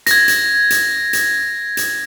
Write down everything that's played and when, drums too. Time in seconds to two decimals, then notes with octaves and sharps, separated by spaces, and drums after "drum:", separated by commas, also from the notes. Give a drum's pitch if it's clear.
0.06 G#6 A#6, drum: hi-hat
0.28 drum: hi-hat
0.70 drum: hi-hat
1.13 drum: hi-hat
1.77 drum: hi-hat